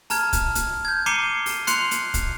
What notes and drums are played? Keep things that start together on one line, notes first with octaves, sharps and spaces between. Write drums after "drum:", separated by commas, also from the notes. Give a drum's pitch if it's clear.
A5 A#5 F6 G#6, drum: open hi-hat
drum: kick, hi-hat
drum: hi-hat
G6 G#6
A#5 D6 C7 C#7 D#7 G7
drum: open hi-hat
C6 F#6 C7 C#7 F7, drum: hi-hat
drum: hi-hat
drum: kick, hi-hat